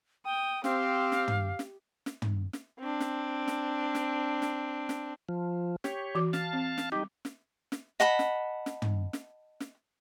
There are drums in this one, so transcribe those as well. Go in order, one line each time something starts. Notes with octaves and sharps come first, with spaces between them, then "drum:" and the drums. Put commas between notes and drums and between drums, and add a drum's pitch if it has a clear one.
G5 D#6
C4 G4 F5, drum: snare
drum: snare
drum: tom
drum: snare
drum: snare
drum: tom
drum: snare
C4 D4
drum: snare
drum: snare
drum: snare
drum: snare
drum: snare
F3
G4 C#5, drum: snare
E3 F#4 D6
F5 A5, drum: snare
C4
drum: snare
G3 D#4 G4 D6
drum: snare
drum: snare
D#5 F#5 A5 B5
drum: snare
drum: snare
drum: tom
drum: snare
drum: snare